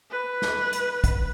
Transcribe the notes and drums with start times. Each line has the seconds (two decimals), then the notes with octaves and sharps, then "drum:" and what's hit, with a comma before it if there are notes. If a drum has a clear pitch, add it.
0.11 B4
0.42 drum: snare
0.73 drum: hi-hat
1.04 drum: kick, hi-hat